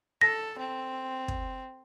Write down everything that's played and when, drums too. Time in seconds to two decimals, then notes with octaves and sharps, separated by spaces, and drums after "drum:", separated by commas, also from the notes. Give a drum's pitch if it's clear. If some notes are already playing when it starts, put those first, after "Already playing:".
0.21 A4 A#6
0.59 C4
1.28 drum: kick